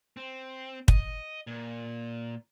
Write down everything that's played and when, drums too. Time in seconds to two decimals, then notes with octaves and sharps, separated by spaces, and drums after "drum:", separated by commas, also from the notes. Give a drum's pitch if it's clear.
0.17 C4
0.88 D#5, drum: kick
1.47 A#2